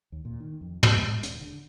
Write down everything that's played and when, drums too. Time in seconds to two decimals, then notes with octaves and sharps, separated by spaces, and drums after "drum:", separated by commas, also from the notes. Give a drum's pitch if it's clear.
0.12 D#2
0.25 A#2
0.40 D#3
0.61 F2
0.83 G#3, drum: tom
1.01 G#2
1.23 D#1, drum: hi-hat
1.41 D3